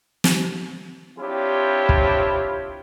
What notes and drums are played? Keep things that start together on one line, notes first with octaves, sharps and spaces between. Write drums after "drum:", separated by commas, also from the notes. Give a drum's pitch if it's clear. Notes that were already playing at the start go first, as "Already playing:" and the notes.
drum: snare
C4 D4 E4 F4 G4 C#5
drum: kick